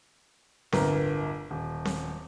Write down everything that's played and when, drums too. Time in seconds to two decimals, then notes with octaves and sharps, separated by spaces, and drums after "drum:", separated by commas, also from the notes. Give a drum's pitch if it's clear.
0.72 D1 G1 A#4, drum: snare C4
1.50 D#1
1.85 drum: snare C4